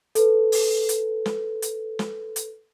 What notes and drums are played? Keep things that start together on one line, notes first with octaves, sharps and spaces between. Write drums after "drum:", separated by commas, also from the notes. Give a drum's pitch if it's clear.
A4 B4, drum: hi-hat
drum: open hi-hat
drum: hi-hat
drum: snare
drum: hi-hat
drum: snare
drum: hi-hat